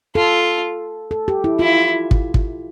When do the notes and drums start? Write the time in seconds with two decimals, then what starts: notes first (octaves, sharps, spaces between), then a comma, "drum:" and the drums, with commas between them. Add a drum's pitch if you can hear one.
0.15 F4 A4
1.11 A4
1.28 G4
1.44 E4
1.59 E4 F4
2.11 drum: kick
2.34 drum: kick